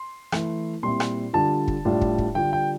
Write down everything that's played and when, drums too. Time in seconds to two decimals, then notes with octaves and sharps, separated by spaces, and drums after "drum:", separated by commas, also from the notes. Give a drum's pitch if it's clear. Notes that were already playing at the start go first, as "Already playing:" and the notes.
Already playing: C6
0.32 E3 A3 E4, drum: rim click
0.82 A#2 G3 C4 E4 C6
1.00 drum: rim click
1.33 D3 G3 D4 F4 A5
1.68 drum: kick
1.85 A2 G3 D4 F4
2.01 drum: kick
2.18 drum: kick
2.35 D3 G3 D4 F4 G5
2.53 G5